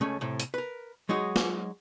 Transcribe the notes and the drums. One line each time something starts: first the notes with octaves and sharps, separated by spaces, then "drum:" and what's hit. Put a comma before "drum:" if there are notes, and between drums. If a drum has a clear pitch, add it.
C#2 A3 C#4
A2 C3
drum: hi-hat
A#4 B4
F#3 G#3 D#4 F#4
drum: snare